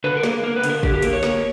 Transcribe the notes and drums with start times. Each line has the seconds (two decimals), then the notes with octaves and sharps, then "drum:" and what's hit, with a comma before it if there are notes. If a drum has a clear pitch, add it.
0.04 D3 B4
0.17 A#4
0.23 A#3, drum: snare
0.30 A#4
0.43 A#3 A#4
0.56 B4
0.64 D3, drum: hi-hat
0.70 A#4
0.83 D3 G4, drum: kick
0.93 G4
1.02 A#3 A#4, drum: hi-hat
1.13 C#5
1.23 A#3, drum: snare